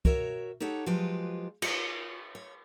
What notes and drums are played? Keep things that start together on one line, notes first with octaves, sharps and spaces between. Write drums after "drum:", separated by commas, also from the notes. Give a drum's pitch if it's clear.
F#4 A#4 C#5 E5, drum: kick
D#4 G4 A4 C#5 F#5
F3 F#3 G#3 F4 G4 B4
F4, drum: cymbal
C#5